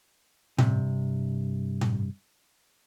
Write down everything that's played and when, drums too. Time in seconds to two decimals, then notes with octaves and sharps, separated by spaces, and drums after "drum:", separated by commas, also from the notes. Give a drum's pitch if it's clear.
0.58 G2 C3, drum: tom A2
1.81 drum: tom A2